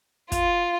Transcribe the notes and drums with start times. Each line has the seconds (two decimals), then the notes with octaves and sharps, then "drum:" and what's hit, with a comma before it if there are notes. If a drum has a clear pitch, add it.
0.32 F4, drum: kick, hi-hat